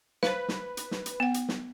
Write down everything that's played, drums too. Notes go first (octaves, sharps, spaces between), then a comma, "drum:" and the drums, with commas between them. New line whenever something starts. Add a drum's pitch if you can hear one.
B4 C5 F5, drum: snare
drum: snare
drum: hi-hat
drum: snare
drum: hi-hat
B3 F#5
drum: hi-hat
drum: snare